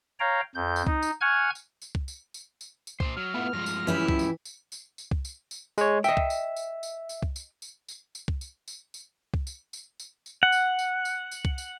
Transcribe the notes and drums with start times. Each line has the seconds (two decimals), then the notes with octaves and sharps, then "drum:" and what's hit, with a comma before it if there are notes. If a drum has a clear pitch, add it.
0.20 C#5 F5 G5 A#5
0.55 F2 G6
0.76 drum: tambourine
0.87 D#4, drum: kick C2
1.02 drum: tambourine
1.21 F#5 G#5 C#6 F6 G#6
1.55 drum: tambourine
1.82 drum: tambourine
1.95 drum: kick C2
2.08 drum: tambourine
2.34 drum: tambourine
2.61 drum: tambourine
2.87 drum: tambourine
3.00 A#2 C#3 C5, drum: kick C2
3.17 F#3 F6
3.34 A3 B3 E4 F4
3.53 G2 F3 G#3 A#6
3.66 drum: tambourine
3.87 E3 C#4 E4 G4
4.08 E5, drum: kick C2
4.19 drum: tambourine
4.45 drum: tambourine
4.72 drum: tambourine
4.98 drum: tambourine
5.11 drum: kick C2
5.25 drum: tambourine
5.51 drum: tambourine
5.78 G#3 C#5, drum: tambourine
6.04 D#5 E5 G5, drum: tambourine
6.17 drum: kick C2
6.30 drum: tambourine
6.57 drum: tambourine
6.83 drum: tambourine
7.09 drum: tambourine
7.22 drum: kick C2
7.36 drum: tambourine
7.62 drum: tambourine
7.88 drum: tambourine
8.15 drum: tambourine
8.28 drum: kick C2
8.41 drum: tambourine
8.68 drum: tambourine
8.94 drum: tambourine
9.34 drum: kick C2
9.47 drum: tambourine
9.73 drum: tambourine
10.00 drum: tambourine
10.26 drum: tambourine
10.43 F#5
10.52 drum: tambourine
10.79 drum: tambourine
11.05 drum: tambourine
11.31 drum: tambourine
11.45 drum: kick C2
11.58 drum: tambourine